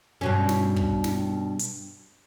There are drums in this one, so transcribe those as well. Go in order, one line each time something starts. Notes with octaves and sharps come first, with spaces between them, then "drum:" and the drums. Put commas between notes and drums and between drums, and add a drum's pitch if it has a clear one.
G2 B2 C#4
drum: snare
drum: kick
drum: snare
drum: hi-hat